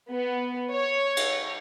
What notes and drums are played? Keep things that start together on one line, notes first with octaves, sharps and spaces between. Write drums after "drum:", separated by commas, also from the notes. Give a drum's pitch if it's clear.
B3
C#5
drum: cymbal